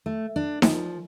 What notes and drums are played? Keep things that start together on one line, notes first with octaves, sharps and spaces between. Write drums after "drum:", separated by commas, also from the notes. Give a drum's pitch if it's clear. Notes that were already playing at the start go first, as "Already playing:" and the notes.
A3
D4
F3, drum: snare D#4